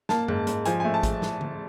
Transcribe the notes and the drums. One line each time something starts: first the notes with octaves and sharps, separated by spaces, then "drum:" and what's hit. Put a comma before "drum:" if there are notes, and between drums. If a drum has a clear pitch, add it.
A#3 A5, drum: snare
G#2, drum: tom F#2
G#2, drum: hi-hat
F3 G#5, drum: hi-hat
A3 G#5
A5
drum: kick A1, hi-hat
drum: snare
drum: tom D3